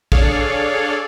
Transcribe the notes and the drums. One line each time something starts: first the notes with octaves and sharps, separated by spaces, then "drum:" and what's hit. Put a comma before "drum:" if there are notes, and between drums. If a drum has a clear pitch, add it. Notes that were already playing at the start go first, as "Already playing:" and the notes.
D4 G#4 A4 C#5 D5 F5, drum: kick